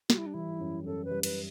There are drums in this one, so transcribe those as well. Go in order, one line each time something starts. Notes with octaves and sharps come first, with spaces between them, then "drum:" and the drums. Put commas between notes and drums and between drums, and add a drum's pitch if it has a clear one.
G3 F#4, drum: snare
E4
D4
E3 E4
F#2
F#2 A4
B4
G3
B4, drum: cymbal